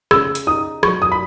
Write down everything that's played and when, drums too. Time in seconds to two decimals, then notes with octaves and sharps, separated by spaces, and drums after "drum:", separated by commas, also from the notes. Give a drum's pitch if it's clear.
0.11 C#3 E6, drum: rim click
0.35 drum: hi-hat
0.47 D#4 D#6
0.83 F#3 C#6, drum: rim click
1.02 D#6
1.12 B5